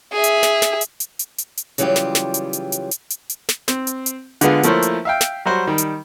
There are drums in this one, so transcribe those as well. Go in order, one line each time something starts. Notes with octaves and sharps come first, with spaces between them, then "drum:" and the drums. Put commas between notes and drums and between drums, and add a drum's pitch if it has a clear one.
G#4 E5
drum: hi-hat
drum: snare
drum: snare
drum: hi-hat
drum: hi-hat
drum: hi-hat
drum: hi-hat
drum: hi-hat
C#3 E3 F#3 G3 F4 G4, drum: hi-hat
drum: snare
drum: snare
drum: hi-hat
drum: hi-hat
drum: hi-hat
drum: hi-hat
drum: hi-hat
drum: hi-hat
drum: snare
C4, drum: snare
drum: hi-hat
drum: hi-hat
D3 G#3 B3 F4, drum: hi-hat
F3 A3 A#3 E4 C5 C#5, drum: hi-hat
drum: hi-hat
E5 F5 G5
drum: snare
F#3 G3 F#4 C5
D#3 G3
drum: hi-hat